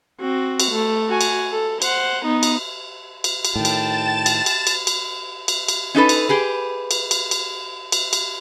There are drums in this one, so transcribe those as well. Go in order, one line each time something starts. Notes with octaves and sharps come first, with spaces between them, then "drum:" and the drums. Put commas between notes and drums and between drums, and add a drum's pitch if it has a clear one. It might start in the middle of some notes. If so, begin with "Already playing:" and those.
C4 F#4
drum: cymbal
A3
F#4 G#5
drum: cymbal
A4
C5 F#5, drum: cymbal
B3 D#4
drum: cymbal
drum: cymbal
drum: cymbal
A2 D#3 G5 A5 A6 E7
drum: cymbal
drum: cymbal
drum: cymbal
drum: cymbal
drum: cymbal
drum: cymbal
drum: cymbal
C#4 D#4 A4 B4
drum: cymbal
G4 G#4 B4
drum: cymbal
drum: cymbal
drum: cymbal
drum: cymbal
drum: cymbal